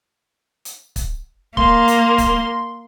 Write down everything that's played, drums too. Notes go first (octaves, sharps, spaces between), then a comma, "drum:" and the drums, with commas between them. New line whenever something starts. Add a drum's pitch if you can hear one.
drum: hi-hat
drum: kick, hi-hat
A#3 C6, drum: kick
drum: hi-hat
drum: kick, hi-hat